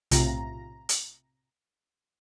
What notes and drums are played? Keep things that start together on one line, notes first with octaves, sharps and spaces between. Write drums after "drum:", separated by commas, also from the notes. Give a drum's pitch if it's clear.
B1 A2 C3 F4 A#5, drum: hi-hat
drum: hi-hat